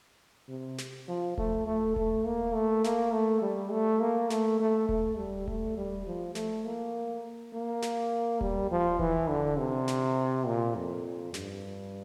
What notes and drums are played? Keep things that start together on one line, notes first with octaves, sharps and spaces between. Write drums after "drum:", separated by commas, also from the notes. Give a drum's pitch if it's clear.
C3
drum: snare
F3
A3, drum: kick D#1
A3
A3, drum: kick D#1
A#3
A3
A#3, drum: snare
A3
G3
A3
A#3
A3, drum: snare
A3
A3, drum: kick D#1
G3
A3, drum: kick D#1
G3
F3
A3, drum: snare
A#3
A#3
drum: snare
G3, drum: kick D#1
F3
E3, drum: kick D#1
D3
C3
drum: snare
A#2
F2
G2, drum: snare